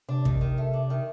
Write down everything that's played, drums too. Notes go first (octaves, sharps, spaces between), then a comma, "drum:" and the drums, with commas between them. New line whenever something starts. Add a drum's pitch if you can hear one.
C3 D4
D#3, drum: kick
D#3
A3
D4
D#3